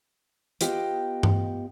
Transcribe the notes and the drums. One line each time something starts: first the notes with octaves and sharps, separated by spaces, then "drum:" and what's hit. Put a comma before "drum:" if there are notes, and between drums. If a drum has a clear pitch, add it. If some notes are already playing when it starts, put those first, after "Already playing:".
B3 F4 G4 D#5 G5, drum: hi-hat
drum: tom G2